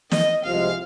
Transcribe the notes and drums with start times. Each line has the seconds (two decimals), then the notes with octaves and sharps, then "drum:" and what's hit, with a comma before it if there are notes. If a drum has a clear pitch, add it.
0.11 D#5, drum: snare
0.45 C2 C3 F3 G#3 F5